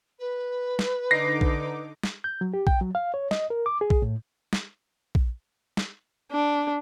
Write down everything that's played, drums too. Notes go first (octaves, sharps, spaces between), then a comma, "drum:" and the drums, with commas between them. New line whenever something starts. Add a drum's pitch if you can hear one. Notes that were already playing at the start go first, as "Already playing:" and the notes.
B4
drum: snare
D3 D#4 D6 A#6 C7
drum: kick A#1
drum: snare
G6
F#3
G4
G5, drum: kick A#1
F#3
F5
C#5
D#5, drum: snare
A#4
D6
G#4
drum: kick A#1
A2
drum: snare
drum: kick A#1
drum: snare
D4